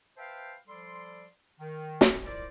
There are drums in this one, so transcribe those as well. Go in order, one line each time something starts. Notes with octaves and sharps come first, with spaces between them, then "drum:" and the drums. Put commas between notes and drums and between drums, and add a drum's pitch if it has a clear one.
B4 C5 E5 F5 G5 A5
F3 G3 A4 D5 C6
D#3
drum: snare
E4 F4 A#4 C5 D5